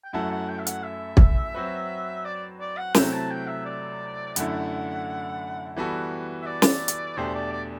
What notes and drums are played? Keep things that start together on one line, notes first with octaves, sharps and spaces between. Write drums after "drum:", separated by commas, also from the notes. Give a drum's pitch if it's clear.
G5
F#2 F#3 A3 E4 A4 F#5
F#5
G5
E5
F#5, drum: hi-hat
E5
drum: kick
F#3 C4 F#4 B4
D5
D5
F#5
C3 F#3 A3 C4 E4 G5, drum: snare
A5
G5
E5
D5
F#2 D3 A3 E4 F#5, drum: hi-hat
E3 G3 B3 F#4 A4
E5
D5
drum: snare
drum: hi-hat
E2 B2 A3 D4 G4 C5
D5
D5